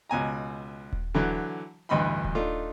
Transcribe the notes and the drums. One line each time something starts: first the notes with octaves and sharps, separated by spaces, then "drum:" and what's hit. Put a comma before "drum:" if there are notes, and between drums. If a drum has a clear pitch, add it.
C#2 B2 G#5 A#5
drum: kick D#1
D3 E3 F#3
A1 D2 G2 D#5 B5 C6
drum: kick D#1
A3 D4 D#4 F4